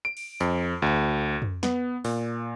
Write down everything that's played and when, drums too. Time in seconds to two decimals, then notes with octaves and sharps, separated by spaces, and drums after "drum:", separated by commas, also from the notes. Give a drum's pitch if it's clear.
0.05 D7
0.17 drum: cymbal
0.40 F2, drum: tambourine
0.82 D2
1.42 drum: tom
1.63 B3, drum: snare
2.05 A#2, drum: open hi-hat